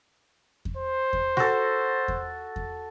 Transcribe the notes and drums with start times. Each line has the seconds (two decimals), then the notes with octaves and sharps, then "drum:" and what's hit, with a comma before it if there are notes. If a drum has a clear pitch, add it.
0.65 drum: kick E2
0.78 C5
1.13 drum: kick E2
1.37 F#4 A4, drum: snare
2.08 drum: kick E2
2.56 drum: kick E2